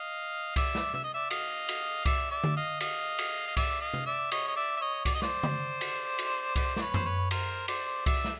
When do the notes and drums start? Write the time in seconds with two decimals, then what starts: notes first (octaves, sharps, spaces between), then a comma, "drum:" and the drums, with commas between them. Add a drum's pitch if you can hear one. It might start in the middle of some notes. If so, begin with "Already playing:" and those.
Already playing: D#5 F5
0.56 D5 E5, drum: kick C2, cymbal
0.75 drum: snare
0.94 E5, drum: tom C3
1.04 D#5
1.14 D5 E5
1.31 D#5 F5, drum: cymbal
1.69 drum: cymbal
2.05 D5 E5, drum: kick C2, cymbal
2.30 D5 E5
2.44 drum: tom D3
2.56 D#5 F5
2.80 D#5 F5, drum: cymbal
3.19 drum: cymbal
3.47 D#5
3.57 D5 E5, drum: kick C2, cymbal
3.81 D#5 F5
3.94 drum: tom C3
4.06 D5 E5
4.32 C#5 D#5, drum: cymbal
4.48 D#5
4.56 D5 E5
4.77 E5
4.80 C#5 D#5
5.05 D5, drum: kick C2, cymbal
5.15 D#5
5.22 C5 D5, drum: snare
5.43 drum: tom C#3
5.81 drum: cymbal
6.18 drum: cymbal
6.56 C5 D5, drum: kick C2, cymbal
6.77 D5, drum: snare
6.81 B4 C#5
6.94 C5, drum: tom F#2
7.05 B4 C#5
7.31 A#4 C5, drum: cymbal
7.68 C5 D5, drum: cymbal
8.06 D5 E5, drum: kick C2, cymbal
8.25 drum: snare